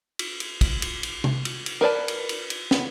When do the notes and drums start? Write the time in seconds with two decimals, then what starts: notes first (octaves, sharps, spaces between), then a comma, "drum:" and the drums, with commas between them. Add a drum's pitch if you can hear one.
0.19 drum: cymbal
0.40 drum: cymbal
0.61 drum: kick, cymbal
0.82 drum: cymbal
1.03 drum: cymbal
1.24 drum: tom
1.45 drum: cymbal
1.66 drum: cymbal
1.81 A#4 B4 D5 A5
2.08 drum: cymbal
2.29 drum: cymbal
2.50 drum: cymbal
2.71 B3, drum: snare